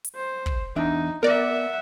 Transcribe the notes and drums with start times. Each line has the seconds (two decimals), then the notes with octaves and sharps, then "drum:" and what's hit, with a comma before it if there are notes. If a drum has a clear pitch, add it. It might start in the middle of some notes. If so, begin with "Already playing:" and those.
0.04 drum: hi-hat
0.15 C5
0.46 drum: kick
0.76 E2 D4 D#4 E5
1.23 B3 A#4 D5 E5 F#5